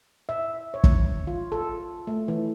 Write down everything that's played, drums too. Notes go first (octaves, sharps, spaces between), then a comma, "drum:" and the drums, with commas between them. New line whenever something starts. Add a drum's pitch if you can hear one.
E5
C#5
drum: kick
F4
A4
A3
E3